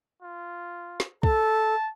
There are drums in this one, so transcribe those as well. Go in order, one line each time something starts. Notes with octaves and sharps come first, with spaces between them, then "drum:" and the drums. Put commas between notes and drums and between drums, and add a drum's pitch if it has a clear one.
F4
drum: snare
A4 A5, drum: kick